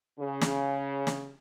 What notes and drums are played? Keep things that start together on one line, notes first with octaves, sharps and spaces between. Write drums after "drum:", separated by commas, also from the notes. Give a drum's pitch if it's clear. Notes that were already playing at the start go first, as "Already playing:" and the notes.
C#3
drum: snare
drum: snare